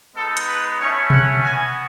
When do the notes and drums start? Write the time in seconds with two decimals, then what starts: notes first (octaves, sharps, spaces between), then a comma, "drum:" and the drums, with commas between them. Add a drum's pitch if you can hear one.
0.15 G#3 B3 D#4 A4
0.37 drum: hi-hat
0.47 B4
0.78 A3 C#4 E4 C#5
1.10 F#5, drum: tom B2
1.42 B3 F#4 G#5